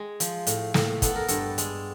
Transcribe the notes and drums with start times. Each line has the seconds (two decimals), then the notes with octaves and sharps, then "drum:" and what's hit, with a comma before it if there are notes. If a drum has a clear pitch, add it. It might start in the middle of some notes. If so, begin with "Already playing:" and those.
Already playing: G#3
0.20 F3, drum: hi-hat
0.47 A2, drum: hi-hat
0.74 A2, drum: snare
1.02 B3 A4, drum: kick, hi-hat
1.16 A#4
1.28 G2 A4, drum: hi-hat
1.58 G#3, drum: hi-hat